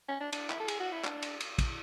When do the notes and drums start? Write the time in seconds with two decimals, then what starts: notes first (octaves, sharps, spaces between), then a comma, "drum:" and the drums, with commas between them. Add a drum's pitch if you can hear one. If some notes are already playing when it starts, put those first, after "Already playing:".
0.09 C#4
0.20 D4
0.32 D4, drum: cymbal
0.50 E4, drum: clap
0.60 A4
0.68 G#4, drum: cymbal
0.80 F#4
0.92 E4
1.05 D4, drum: clap
1.22 drum: cymbal
1.40 drum: cymbal
1.58 drum: kick, cymbal